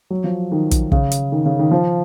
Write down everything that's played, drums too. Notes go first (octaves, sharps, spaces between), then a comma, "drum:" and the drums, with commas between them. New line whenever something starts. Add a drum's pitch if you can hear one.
F#3
F3
D#3
drum: kick, hi-hat
C#3, drum: kick
drum: hi-hat
D#3
C#3
D#3
F3